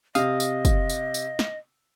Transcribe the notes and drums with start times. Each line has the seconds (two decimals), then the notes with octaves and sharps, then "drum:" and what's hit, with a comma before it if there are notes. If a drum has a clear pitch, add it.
0.15 C3 D#5 F5 D#6, drum: tambourine
0.40 drum: tambourine
0.65 drum: kick, tambourine
0.89 drum: tambourine
1.14 drum: tambourine
1.39 drum: snare